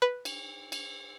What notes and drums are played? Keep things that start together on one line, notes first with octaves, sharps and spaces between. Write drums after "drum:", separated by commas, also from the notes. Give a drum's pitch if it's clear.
B4
drum: cymbal
drum: cymbal